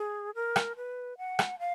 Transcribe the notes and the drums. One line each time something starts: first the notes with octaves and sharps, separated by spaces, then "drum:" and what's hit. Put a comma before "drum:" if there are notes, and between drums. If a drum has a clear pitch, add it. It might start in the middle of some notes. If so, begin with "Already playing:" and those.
Already playing: G#4
A#4
drum: rim click
B4
F#5
drum: rim click
F5